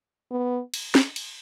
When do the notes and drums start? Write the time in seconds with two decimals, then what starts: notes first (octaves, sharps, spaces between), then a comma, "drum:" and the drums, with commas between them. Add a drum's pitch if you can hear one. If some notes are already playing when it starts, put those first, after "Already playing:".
0.31 B3
0.74 drum: cymbal
0.95 drum: snare
1.16 drum: cymbal